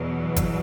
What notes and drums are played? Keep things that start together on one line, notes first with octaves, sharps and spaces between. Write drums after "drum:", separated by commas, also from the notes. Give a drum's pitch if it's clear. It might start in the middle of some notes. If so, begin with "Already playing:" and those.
Already playing: E2 B2 F#3
drum: kick G#1, hi-hat